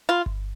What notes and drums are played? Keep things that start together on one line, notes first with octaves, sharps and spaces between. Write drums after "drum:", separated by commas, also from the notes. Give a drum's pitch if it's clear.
F4
drum: kick G1